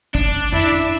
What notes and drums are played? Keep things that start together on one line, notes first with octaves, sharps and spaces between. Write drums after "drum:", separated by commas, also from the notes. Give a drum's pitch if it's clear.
D4, drum: kick
E4, drum: tom F2